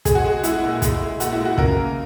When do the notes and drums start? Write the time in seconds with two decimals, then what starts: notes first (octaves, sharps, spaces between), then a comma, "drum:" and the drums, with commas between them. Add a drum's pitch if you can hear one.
0.05 G#3 G#4, drum: kick, hi-hat
0.15 F#4
0.24 G#3 G#4
0.43 G#3 E4, drum: hi-hat
0.63 A#2
0.82 G#3, drum: kick, hi-hat
1.01 G#3
1.20 A#2 F#4, drum: hi-hat
1.32 E4
1.39 G#3
1.45 F#4
1.58 C#3 A#4, drum: kick
1.77 A#3